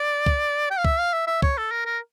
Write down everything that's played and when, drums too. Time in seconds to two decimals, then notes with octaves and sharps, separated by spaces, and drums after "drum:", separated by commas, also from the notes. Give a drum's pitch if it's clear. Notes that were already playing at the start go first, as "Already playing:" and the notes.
Already playing: D5
0.26 drum: kick
0.71 G5
0.78 F5
0.85 E5, drum: kick
0.99 F5
1.13 E5
1.27 E5
1.42 C#5, drum: kick
1.57 A4
1.71 A#4
1.86 A#4